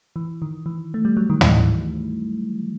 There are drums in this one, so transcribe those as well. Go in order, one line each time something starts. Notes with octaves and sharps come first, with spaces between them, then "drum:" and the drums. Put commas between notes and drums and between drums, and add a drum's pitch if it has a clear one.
E3
D#3
E3
A3
G3
F#3
D#3
E3, drum: tom